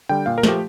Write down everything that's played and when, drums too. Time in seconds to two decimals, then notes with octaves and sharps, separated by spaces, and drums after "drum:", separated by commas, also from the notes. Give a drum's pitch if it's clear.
0.09 D3 G3 G5
0.26 A#2 F5
0.38 A#4
0.43 F3 A3 G4, drum: snare